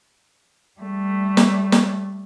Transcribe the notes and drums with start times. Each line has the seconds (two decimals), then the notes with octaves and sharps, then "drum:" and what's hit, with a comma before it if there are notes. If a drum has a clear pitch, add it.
0.81 G3 A3
1.37 drum: snare
1.72 drum: snare